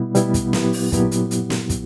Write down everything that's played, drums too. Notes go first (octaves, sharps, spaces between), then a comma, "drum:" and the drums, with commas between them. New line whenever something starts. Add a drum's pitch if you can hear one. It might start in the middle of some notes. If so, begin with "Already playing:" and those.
Already playing: B2 G3 B3 E4
B2 G3 B3 E4, drum: hi-hat
drum: kick, hi-hat
A#2 F#3 B3 E4 G4, drum: snare
drum: open hi-hat
A#2 F#3 B3 E4 G4, drum: kick, hi-hat
drum: hi-hat
drum: hi-hat
drum: snare
drum: kick, hi-hat